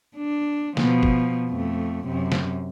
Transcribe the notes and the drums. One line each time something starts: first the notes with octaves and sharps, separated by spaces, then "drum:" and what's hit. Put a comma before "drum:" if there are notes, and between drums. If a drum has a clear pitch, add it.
D4
B2 F3, drum: snare
drum: kick
F2 A3
F#2 C3
drum: snare